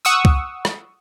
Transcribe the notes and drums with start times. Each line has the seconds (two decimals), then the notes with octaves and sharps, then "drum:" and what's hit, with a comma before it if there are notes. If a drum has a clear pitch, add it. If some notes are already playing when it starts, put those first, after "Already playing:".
0.05 F#5 C#6 D#6 E6
0.25 drum: kick C#2
0.65 drum: rim click